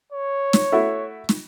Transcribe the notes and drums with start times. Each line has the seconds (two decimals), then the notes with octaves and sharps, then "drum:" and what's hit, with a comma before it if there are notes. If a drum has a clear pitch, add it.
0.12 C#5
0.53 drum: snare
0.72 A3 E4 F#4
1.29 drum: snare